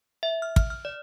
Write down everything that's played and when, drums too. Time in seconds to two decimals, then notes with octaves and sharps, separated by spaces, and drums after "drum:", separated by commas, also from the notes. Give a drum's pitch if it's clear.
0.23 E5
0.42 F6
0.56 F6, drum: kick
0.70 F6
0.85 D5